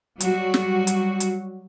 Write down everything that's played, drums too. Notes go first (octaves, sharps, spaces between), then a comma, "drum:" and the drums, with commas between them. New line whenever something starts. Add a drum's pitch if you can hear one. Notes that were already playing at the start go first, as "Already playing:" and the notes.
F#3 G3 F#4, drum: hi-hat
drum: snare
drum: hi-hat
drum: hi-hat